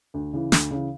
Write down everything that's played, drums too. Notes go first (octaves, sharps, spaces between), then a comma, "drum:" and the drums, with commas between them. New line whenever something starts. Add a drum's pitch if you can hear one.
D2
C#3 E3
D2, drum: snare
C#3 E3